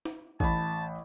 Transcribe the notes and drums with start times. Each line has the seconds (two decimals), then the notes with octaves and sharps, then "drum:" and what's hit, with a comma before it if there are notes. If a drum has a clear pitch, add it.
0.05 drum: snare
0.40 A1 A5 B5, drum: kick